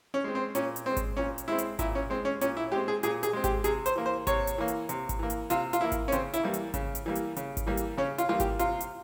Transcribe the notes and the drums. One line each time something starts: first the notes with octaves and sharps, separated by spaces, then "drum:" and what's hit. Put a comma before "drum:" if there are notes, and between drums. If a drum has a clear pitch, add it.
C#4
G#3 C4
C4
A#2 C#4, drum: hi-hat
drum: hi-hat
G#3 C4
drum: kick G#1, hi-hat
A#2 C#4
drum: hi-hat
G#3 C4 E4
drum: hi-hat
A#2 E4, drum: kick G#1, hi-hat
C#4
G#3 C4
C#4
A#2 C#4, drum: hi-hat
E4
G#3 C4 G4
G#4
A#2 G#4, drum: hi-hat
G#4, drum: hi-hat
G#3 C4
G4, drum: kick G#1, hi-hat
C3 G#4, drum: hi-hat
C5, drum: hi-hat
E3 A#3
C5
C3 C#5, drum: kick G#1, hi-hat
drum: hi-hat
E3 A#3
drum: hi-hat
C3, drum: hi-hat
drum: kick G#1, hi-hat
E3 A#3
drum: hi-hat
C3 F4, drum: hi-hat
F4, drum: hi-hat
E3 A#3 E4
drum: kick G#1, hi-hat
C#4
C#3 C4, drum: hi-hat
E4, drum: hi-hat
E3 G3 A#3
drum: hi-hat
C#3, drum: kick G#1, hi-hat
drum: hi-hat
E3 G3 A#3
drum: hi-hat
C#3, drum: hi-hat
drum: kick G#1, hi-hat
E3 G3 A#3
drum: hi-hat
C#3 C#4
F4, drum: hi-hat
E3 G3 A#3 F4
G4, drum: kick G#1, hi-hat
C3 F4, drum: hi-hat
drum: hi-hat